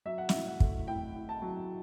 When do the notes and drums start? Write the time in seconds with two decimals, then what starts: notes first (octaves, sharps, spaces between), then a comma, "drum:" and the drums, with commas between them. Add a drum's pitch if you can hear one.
0.05 F#3 E5
0.18 F#5
0.29 E5, drum: snare
0.34 A2
0.47 F#5
0.60 A3, drum: kick
0.88 A2 G5
1.15 A2
1.29 A5
1.42 F#3